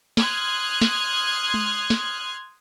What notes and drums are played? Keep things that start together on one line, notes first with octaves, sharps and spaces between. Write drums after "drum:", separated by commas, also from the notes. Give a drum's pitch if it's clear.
C6 D#6 F6 F#6 G#6, drum: snare
drum: snare
drum: tom G#3
drum: snare